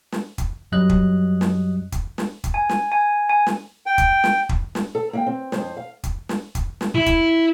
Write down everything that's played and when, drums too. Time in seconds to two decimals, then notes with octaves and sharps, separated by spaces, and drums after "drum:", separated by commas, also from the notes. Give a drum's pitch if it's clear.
0.12 drum: snare
0.38 drum: kick, hi-hat
0.72 F#2 F#3 G3 D#5 F#6
0.90 drum: kick
1.41 drum: snare
1.92 drum: kick, hi-hat
2.18 drum: snare
2.44 drum: kick, hi-hat
2.54 G#5
2.69 drum: snare
2.92 G#5
3.29 G#5
3.47 drum: snare
3.86 G5
3.98 drum: kick, hi-hat
4.24 drum: snare
4.49 drum: kick
4.75 drum: snare
4.95 A4
5.13 A#3 E5 G5
5.26 C4
5.52 F2 C5, drum: snare
5.77 F5
6.04 drum: kick, hi-hat
6.29 drum: snare
6.55 drum: kick, hi-hat
6.81 drum: snare
6.95 E4
7.06 drum: kick, hi-hat